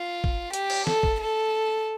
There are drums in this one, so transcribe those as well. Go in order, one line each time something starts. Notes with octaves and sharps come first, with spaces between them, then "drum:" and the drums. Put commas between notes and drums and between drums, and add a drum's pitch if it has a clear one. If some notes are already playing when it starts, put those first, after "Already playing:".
Already playing: F4
drum: kick
G4, drum: hi-hat
drum: cymbal
A4, drum: snare
drum: kick
A4